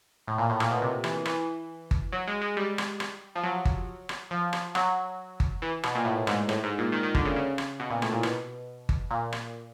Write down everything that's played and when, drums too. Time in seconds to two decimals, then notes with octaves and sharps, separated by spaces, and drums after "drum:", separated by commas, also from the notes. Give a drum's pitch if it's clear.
0.27 A2
0.38 A#2
0.49 A2
0.60 A#2, drum: rim click
0.71 B2
0.82 C3
1.04 E3, drum: rim click
1.25 E3, drum: rim click
1.91 drum: kick G1
2.13 F#3
2.28 G#3
2.42 G#3
2.57 G3
2.78 drum: rim click
3.00 drum: rim click
3.35 F3
3.44 F#3
3.65 drum: kick G1
4.09 drum: rim click
4.31 F3
4.53 drum: rim click
4.75 F#3, drum: rim click
5.40 drum: kick G1
5.62 E3
5.83 B2, drum: rim click
5.95 A#2
6.05 A2
6.27 G#2, drum: rim click
6.49 A2, drum: rim click
6.63 G#2
6.78 A#2
6.92 D#3
7.03 D#3
7.15 D3, drum: kick G1
7.25 C#3
7.36 C#3
7.58 drum: rim click
7.80 B2
7.90 A#2
8.02 A2, drum: rim click
8.12 A#2
8.23 B2, drum: rim click
8.89 drum: kick G1
9.10 A#2
9.32 drum: rim click